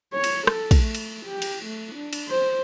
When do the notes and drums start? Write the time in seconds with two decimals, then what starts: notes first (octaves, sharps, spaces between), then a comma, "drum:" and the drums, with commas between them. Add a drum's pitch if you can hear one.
0.13 C#5
0.24 drum: cymbal
0.47 A4, drum: rim click
0.71 drum: kick, cymbal
0.83 A3
0.95 drum: cymbal
1.26 G4
1.42 drum: cymbal
1.66 A3
1.95 D4
2.13 drum: cymbal
2.29 C5